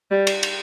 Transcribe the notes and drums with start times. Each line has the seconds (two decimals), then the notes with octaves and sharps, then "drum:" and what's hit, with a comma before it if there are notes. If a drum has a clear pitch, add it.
0.11 G3
0.27 drum: cymbal
0.43 drum: cymbal